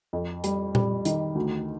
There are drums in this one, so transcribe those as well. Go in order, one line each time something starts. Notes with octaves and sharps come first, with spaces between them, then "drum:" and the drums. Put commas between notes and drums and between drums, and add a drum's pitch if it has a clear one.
F2
G3, drum: hi-hat
G3, drum: tom A#2
D#3, drum: hi-hat
D2